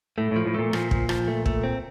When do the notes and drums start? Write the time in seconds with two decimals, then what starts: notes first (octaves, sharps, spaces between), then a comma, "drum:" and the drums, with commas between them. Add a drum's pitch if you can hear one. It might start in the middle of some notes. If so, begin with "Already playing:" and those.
0.18 A2 A3
0.31 A2 F3
0.46 A2
0.54 A#2 A3
0.73 A#2 F3, drum: rim click
0.91 F3, drum: kick
1.09 F3, drum: rim click
1.28 A3
1.46 A3, drum: kick
1.64 C4